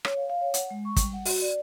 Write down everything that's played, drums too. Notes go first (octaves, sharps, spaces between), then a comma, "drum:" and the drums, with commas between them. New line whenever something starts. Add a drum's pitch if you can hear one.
C#5, drum: rim click
F5
F5
C#5
F#5, drum: hi-hat
G#3
C#6
G3, drum: kick, hi-hat
F#5
F#4, drum: open hi-hat
D5